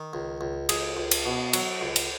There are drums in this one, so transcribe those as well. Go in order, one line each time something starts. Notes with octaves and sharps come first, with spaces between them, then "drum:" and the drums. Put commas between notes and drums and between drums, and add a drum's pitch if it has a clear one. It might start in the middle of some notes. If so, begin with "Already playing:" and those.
Already playing: D#3
C#2
C#2
C#2 G#4, drum: cymbal
C#2
drum: cymbal
B2
F#3, drum: cymbal
C#2
drum: cymbal